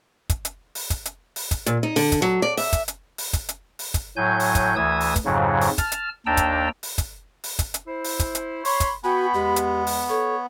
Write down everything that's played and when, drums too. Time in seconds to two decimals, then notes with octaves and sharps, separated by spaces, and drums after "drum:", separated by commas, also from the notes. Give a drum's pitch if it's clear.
0.30 drum: kick, hi-hat
0.45 drum: hi-hat
0.75 drum: open hi-hat
0.90 drum: kick, hi-hat
1.05 drum: hi-hat
1.36 drum: open hi-hat
1.51 drum: kick, hi-hat
1.66 A#2, drum: hi-hat
1.83 D#4
1.96 D3, drum: open hi-hat
2.12 drum: kick, hi-hat
2.22 F#3
2.42 D5
2.57 E5, drum: open hi-hat
2.73 drum: kick, hi-hat
2.88 drum: hi-hat
3.18 drum: open hi-hat
3.33 drum: kick, hi-hat
3.49 drum: hi-hat
3.79 drum: open hi-hat
3.94 drum: kick, hi-hat
4.17 A2 F#3 G#5 G6
4.40 drum: open hi-hat
4.55 drum: kick, hi-hat
4.76 D2 E3 D#6 E6 G#6
5.00 drum: open hi-hat
5.16 drum: kick, hi-hat
5.25 F2 G#2 C#3 F#3
5.61 drum: open hi-hat
5.78 A5 F6, drum: kick, hi-hat
5.92 drum: hi-hat
6.26 D#2 D4 G5 A5 A#5 E6
6.37 drum: kick, hi-hat
6.83 drum: open hi-hat
6.98 drum: kick, hi-hat
7.44 drum: open hi-hat
7.59 drum: kick, hi-hat
7.74 drum: hi-hat
7.87 E4 C5
8.04 drum: open hi-hat
8.20 drum: kick, hi-hat
8.35 drum: hi-hat
8.65 C#5 B5 C6, drum: open hi-hat
8.80 drum: kick, hi-hat
9.04 B3 F#4 G5 G#5 B5 C#6
9.34 E2 G#3 G4
9.56 drum: hi-hat
9.87 drum: open hi-hat
10.09 A4 C#5